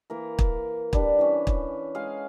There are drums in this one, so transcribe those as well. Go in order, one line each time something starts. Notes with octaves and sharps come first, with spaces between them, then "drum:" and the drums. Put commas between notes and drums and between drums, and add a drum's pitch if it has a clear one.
E3 A#3 A#4
drum: kick
G3 D4 B4, drum: kick
E3 C#4
drum: kick
G#3 G#4 F5